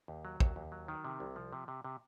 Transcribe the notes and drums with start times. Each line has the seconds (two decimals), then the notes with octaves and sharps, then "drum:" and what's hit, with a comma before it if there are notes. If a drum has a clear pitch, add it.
0.08 D#2
0.25 F#3
0.40 D#2, drum: kick
0.56 D#2
0.72 F#3
0.88 D#3
1.05 C3
1.20 C2
1.36 F3
1.53 C3
1.68 C3
1.84 C3